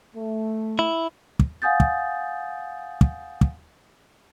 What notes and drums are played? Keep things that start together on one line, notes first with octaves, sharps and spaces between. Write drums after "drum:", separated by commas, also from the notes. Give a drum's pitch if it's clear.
A3
E4
drum: kick
F5 F#5 G#5 D#6 G6 A6
drum: kick
drum: kick
drum: kick